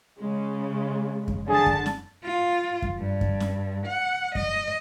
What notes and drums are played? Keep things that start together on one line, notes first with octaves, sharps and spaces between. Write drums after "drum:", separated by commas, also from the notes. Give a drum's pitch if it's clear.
C#3 G#3
drum: kick F#2
D3 G#4 A5
drum: kick F#2
drum: snare C#4
F4
drum: kick F#2
G2
drum: kick F#2
drum: snare C#4
F#5
D#5, drum: kick F#2